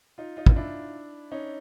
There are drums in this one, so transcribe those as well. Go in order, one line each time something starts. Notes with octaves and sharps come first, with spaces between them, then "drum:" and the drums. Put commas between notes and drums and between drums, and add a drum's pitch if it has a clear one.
D#4 F4
D#4 F4
drum: kick
D4 E4
C#4 D#4